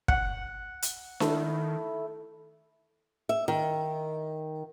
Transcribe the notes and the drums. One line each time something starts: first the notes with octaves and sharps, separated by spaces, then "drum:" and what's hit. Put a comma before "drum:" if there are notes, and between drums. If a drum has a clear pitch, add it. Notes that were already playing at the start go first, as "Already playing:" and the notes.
F#5, drum: kick
drum: hi-hat
D#3 A3 E4, drum: snare D4
E5
D#3